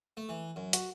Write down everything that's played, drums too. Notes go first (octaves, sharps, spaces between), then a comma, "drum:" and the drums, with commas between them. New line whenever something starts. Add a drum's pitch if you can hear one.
A3
E3
F#2
F#4, drum: hi-hat